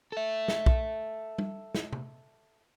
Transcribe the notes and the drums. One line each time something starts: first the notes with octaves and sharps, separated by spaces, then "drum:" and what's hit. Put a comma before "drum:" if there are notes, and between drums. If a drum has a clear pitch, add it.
A4 E5
drum: snare
drum: kick B1
drum: tom G3
drum: snare
drum: tom C3